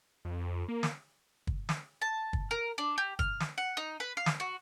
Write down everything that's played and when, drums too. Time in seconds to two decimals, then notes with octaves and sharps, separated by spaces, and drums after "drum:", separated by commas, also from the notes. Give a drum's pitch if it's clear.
0.25 F2
0.68 A#3
0.83 drum: snare
1.47 drum: kick
1.69 drum: snare
2.01 A5
2.33 drum: kick
2.51 A#4
2.78 D4
2.98 G4
3.19 F6, drum: kick
3.40 drum: snare
3.58 F#5
3.77 D#4
4.00 B4
4.17 F5
4.26 drum: snare
4.40 F#4